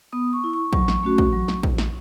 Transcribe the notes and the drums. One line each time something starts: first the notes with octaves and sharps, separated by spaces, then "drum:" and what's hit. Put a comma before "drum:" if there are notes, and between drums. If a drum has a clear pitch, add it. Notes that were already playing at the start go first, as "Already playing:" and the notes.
B3 D#6
C#6
E4
C#6
F#3 C#6, drum: kick
drum: snare
A3 C#4 F#4
drum: kick
F#3
drum: snare
drum: kick
drum: snare